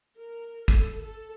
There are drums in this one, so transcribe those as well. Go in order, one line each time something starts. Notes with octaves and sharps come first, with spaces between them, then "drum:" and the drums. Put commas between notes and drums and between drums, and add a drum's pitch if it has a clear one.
A#4
A4, drum: kick, hi-hat
A4